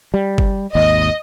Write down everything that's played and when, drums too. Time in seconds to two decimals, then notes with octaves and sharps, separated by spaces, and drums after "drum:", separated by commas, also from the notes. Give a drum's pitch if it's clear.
0.14 G3
0.38 drum: kick G1
0.75 G#1 D#2 D#5